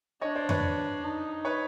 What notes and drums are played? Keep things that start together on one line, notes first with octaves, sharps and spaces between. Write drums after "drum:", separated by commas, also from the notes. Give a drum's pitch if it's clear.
D4 C#5 D#5
C5 D5
B4 C#5, drum: tom F2
D#4
B4 C#5